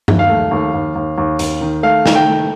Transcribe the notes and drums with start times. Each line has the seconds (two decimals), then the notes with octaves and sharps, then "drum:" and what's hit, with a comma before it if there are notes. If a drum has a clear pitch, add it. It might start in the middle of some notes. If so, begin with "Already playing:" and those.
0.08 D#2, drum: tom G2
0.19 F5
0.30 A3
0.51 D#2
0.74 D#2
0.95 D#2
1.18 D#2
1.39 D#2, drum: hi-hat
1.61 D#3
1.83 A3 F5
2.06 D#3, drum: snare
2.16 G5
2.27 A3